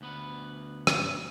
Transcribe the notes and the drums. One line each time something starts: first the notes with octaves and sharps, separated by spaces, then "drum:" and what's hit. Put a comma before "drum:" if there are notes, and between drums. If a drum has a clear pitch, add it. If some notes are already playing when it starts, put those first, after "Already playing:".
D2 B3 B4
drum: rim click